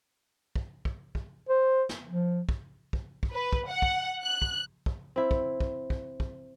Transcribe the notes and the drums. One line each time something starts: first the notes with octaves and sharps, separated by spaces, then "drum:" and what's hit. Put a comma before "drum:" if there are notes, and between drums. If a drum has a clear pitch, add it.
drum: kick
drum: kick
drum: kick
C5
drum: snare
F3
drum: kick
drum: kick
drum: kick
B4
drum: kick
F#5
drum: kick
F#6
drum: kick
drum: kick
C4 E4
drum: kick
drum: kick
drum: kick
drum: kick